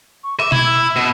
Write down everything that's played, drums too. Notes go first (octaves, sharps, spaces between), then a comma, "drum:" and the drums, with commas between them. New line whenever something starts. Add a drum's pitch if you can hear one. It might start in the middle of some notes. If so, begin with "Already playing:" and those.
C#6
E5 D6
E4 G#6, drum: tom B2
E6
B2